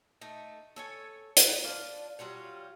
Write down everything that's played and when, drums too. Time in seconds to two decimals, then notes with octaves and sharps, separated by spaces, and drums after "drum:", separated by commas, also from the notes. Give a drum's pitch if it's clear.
0.21 A3 D#4
0.76 A4 C#5 G#5
1.36 drum: hi-hat
1.64 D4 F4
2.19 F#3 G3 F4 F#5